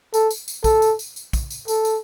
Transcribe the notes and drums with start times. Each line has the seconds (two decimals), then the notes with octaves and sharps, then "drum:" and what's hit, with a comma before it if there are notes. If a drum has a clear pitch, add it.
0.14 A4, drum: tambourine
0.31 drum: tambourine
0.48 drum: tambourine
0.64 A4, drum: kick, tambourine
0.82 drum: tambourine
0.99 drum: tambourine
1.16 drum: tambourine
1.33 drum: kick, tambourine
1.50 drum: tambourine
1.68 A4, drum: tambourine
1.85 drum: tambourine